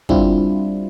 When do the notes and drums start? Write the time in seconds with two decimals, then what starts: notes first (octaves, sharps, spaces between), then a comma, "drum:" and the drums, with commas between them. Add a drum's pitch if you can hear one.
0.09 G3 C4 D4 E4 F4, drum: kick